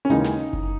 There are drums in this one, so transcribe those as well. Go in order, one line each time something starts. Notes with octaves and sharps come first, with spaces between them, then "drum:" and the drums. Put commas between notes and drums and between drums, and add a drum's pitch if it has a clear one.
C#4
D#2 C#3 E3 G#3 D#4, drum: hi-hat
drum: snare
drum: kick F#1